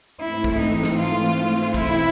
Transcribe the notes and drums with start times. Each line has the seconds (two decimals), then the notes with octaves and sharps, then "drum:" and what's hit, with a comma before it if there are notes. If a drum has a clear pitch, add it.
0.20 G#2 E3 A3 C4 E4
0.44 drum: kick
0.59 D#4
0.83 drum: snare
0.98 F4
1.74 B2 G#3 C4 D#4 E4, drum: kick